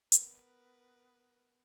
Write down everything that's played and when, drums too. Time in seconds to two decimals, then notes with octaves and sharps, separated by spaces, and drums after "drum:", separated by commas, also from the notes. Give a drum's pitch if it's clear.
0.12 B3 A#4 B4, drum: hi-hat